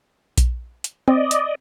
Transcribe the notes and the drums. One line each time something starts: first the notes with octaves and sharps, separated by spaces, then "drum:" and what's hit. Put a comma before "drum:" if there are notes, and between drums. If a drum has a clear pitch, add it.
drum: kick A#1, hi-hat
drum: hi-hat
C4 D5 D#5
drum: hi-hat